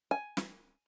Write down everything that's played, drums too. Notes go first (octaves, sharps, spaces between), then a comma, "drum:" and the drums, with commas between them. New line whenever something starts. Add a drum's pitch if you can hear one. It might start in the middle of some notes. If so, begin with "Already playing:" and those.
G#5
drum: snare